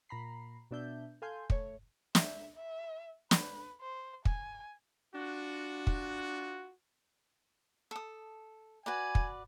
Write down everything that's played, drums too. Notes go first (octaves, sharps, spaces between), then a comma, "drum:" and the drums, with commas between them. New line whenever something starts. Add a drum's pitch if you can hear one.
A#2 A#5 B5 C7
B2 B3 D4 E5 G6
A4 F5 G#5 C6 G6
A3 C#5, drum: kick
E5, drum: snare
E5
B4, drum: snare
C5
G#5, drum: kick
D4 F4 F#4
drum: kick
A4 D#6
F#4 B4 D5 G#5
drum: kick